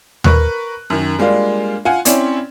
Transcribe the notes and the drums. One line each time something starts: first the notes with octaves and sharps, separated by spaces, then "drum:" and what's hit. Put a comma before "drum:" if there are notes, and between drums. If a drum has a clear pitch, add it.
A#4 B4 C#6 F#6, drum: tom D#2
F#2 D#3
G3 G#3 A#3 D4 F4
F4 F#5 G#5
C4 C#4 E4 D5, drum: hi-hat